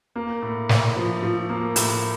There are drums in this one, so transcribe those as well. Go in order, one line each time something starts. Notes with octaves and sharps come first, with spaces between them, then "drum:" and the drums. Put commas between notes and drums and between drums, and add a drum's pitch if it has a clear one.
A#3
A2
A2, drum: snare
F3
F3
A#3
A2, drum: hi-hat